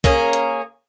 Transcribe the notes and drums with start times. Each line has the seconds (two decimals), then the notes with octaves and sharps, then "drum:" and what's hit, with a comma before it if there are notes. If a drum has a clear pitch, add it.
0.04 A#3 C#4 G#4, drum: kick
0.33 drum: hi-hat